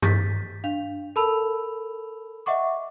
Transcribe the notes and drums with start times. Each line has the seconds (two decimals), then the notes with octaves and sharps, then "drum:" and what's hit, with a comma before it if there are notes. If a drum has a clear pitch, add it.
0.02 G6 A6 B6, drum: tom G2
0.64 D4 F5 F7
1.16 A4 A#4 A5 B5 E6 F7
2.46 D#5 E5 F#5 C#6 D6